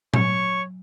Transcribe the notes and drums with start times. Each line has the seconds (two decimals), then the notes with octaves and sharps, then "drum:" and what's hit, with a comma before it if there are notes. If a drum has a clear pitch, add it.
0.14 F#3 C#5 C#6, drum: tom A#2